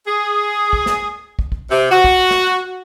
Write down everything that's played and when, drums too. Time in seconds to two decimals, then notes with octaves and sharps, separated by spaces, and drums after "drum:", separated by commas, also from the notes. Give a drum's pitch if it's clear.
0.07 G#4
0.73 drum: kick
0.86 drum: snare
1.39 drum: kick
1.52 drum: kick
1.71 C3
1.91 F#4
2.04 drum: kick
2.31 drum: snare